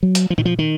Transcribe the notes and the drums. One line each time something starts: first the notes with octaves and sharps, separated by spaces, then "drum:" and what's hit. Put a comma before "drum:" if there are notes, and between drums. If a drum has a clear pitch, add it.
F#3
drum: hi-hat
F3
D#3, drum: tom A#2
F3
D#3